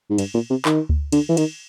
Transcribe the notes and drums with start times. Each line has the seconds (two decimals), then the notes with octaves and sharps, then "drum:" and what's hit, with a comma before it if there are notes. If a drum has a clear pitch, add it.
0.10 G#2
0.18 G2, drum: cymbal
0.34 A#2
0.50 C3
0.65 D#3, drum: clap
0.89 drum: kick D2
1.12 D3, drum: cymbal
1.29 E3
1.37 D#3, drum: cymbal